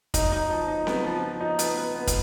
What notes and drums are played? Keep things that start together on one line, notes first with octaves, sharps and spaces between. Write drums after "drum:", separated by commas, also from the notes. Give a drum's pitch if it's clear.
D#4, drum: kick, hi-hat
D#4
F3
D#4
B3, drum: snare C4
F3
F3
D#4
B3, drum: hi-hat
B3
B3
drum: kick, hi-hat